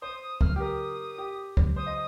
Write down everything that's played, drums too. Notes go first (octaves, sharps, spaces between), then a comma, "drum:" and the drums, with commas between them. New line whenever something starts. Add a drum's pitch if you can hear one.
C5 D#6
D#6
F6, drum: kick
G4
A#4 D#6
G4
drum: kick
C5 D#6
D#5